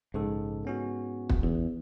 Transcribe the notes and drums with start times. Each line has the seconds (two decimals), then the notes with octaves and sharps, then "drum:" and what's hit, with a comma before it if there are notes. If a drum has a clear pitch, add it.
0.14 A#1 G#2 C#3 A4
0.65 B3 C#4 F#4
1.29 drum: kick
1.43 E2